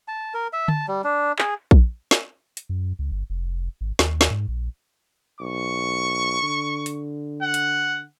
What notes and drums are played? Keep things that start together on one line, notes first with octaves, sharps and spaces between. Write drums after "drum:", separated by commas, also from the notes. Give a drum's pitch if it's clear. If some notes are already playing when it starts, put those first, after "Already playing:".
A5
A#4
E5
A5, drum: tom D3
G3
D4
G#4, drum: clap
drum: kick A#1
drum: snare
drum: hi-hat
F#2
C#2
G1
F1
G#1
D#2, drum: snare
drum: snare
G#2
A#1
B1 C#6
D3
drum: hi-hat
F#5
drum: hi-hat